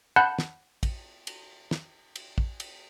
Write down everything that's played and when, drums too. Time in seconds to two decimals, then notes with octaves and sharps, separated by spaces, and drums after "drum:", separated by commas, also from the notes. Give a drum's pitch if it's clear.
0.16 F#5 A5 B5 F#6 G6
0.38 drum: snare
0.83 drum: kick, cymbal
1.27 drum: cymbal
1.71 drum: snare
2.16 drum: cymbal
2.38 drum: kick
2.60 drum: cymbal